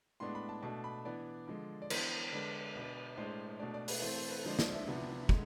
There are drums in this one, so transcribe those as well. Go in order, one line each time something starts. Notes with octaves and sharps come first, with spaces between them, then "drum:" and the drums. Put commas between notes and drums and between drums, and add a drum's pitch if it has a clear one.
A2 G#3 B3 D4 C6
B5
A5
B2 A3 D4 A5
B5
E3 B3 D4 D5
D3 F3 G#3
D5
E3 B3 D4 C5, drum: cymbal
D3 G#3 D4 B4
B2 B3 D4
A2 G#3 D4 C5
B2 A3 D4 D5
D5
B4, drum: open hi-hat
E3 A3 C4 C5
C5
B4
D3 F3 G#3 D4 C5
D5, drum: snare
E5
C3 F3 B3 D4
D3 G#3, drum: kick